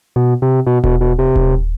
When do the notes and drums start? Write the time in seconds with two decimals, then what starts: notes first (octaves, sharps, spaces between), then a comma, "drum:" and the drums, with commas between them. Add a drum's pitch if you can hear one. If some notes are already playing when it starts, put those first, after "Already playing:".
0.16 B2
0.42 C3
0.67 B2
0.84 B2, drum: kick D#1
1.01 B2
1.19 C3
1.36 drum: kick D#1